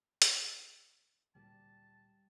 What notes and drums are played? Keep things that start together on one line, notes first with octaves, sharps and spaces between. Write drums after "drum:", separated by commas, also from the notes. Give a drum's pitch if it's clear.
drum: hi-hat
D2 A#2 G3 A5